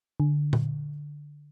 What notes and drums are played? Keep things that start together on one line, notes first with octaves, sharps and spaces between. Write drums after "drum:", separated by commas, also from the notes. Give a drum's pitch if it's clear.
D3
drum: tom A#2